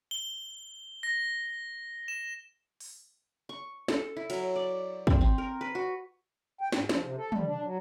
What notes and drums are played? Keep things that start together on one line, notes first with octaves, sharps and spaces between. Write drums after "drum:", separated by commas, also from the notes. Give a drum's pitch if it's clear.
G7
A#6
E7
drum: open hi-hat
C#6
A4, drum: snare
E4
F#3, drum: cymbal
D5
C4, drum: kick
C4
A#4
B4
F#4
G5
G#2, drum: snare
F3, drum: snare
C3
A4
G3, drum: tom
D4
F#3